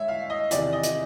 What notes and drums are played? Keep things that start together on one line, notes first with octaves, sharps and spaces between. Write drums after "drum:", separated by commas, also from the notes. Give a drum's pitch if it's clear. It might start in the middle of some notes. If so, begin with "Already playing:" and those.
Already playing: G#2 C#5 E5
F5
D#5
E2 C3 D#3 D5, drum: hi-hat
D#5
drum: hi-hat